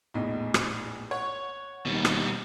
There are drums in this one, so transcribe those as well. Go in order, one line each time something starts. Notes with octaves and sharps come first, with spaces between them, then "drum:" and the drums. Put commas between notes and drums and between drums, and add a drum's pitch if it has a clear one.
A#1 E2 A2 D#4
drum: rim click
C#5 F#5
D#2 B2 G3
drum: rim click